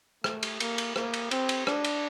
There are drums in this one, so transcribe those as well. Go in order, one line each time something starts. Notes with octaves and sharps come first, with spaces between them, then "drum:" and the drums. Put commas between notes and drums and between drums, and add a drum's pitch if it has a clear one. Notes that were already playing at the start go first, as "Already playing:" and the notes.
A3, drum: rim click
drum: cymbal
A#3, drum: cymbal
drum: cymbal
A#3, drum: rim click
drum: cymbal
C4, drum: cymbal
drum: cymbal
D4, drum: rim click
drum: cymbal